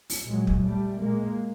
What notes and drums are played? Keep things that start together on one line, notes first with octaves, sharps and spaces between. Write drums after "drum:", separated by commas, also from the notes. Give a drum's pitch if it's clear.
drum: open hi-hat
A#2 F#3 G#3
drum: kick
G3 A3
A#2 G#3 A#3